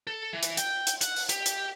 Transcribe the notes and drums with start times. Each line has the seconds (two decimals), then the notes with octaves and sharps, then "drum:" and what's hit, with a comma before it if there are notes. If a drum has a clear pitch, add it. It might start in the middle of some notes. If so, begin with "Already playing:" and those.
0.07 A4
0.33 E3
0.43 drum: hi-hat
0.57 G5, drum: hi-hat
0.87 drum: hi-hat
1.01 F#5, drum: hi-hat
1.16 drum: open hi-hat
1.29 G4, drum: hi-hat
1.46 drum: hi-hat